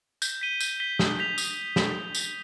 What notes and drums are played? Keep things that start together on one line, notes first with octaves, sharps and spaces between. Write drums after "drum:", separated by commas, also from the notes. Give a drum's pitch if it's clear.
G6, drum: tambourine
B6 D#7 G7
G6, drum: tambourine
B6 D#7 G7
D#6, drum: snare
G6 B6 F7
D#6, drum: tambourine
drum: snare
drum: tambourine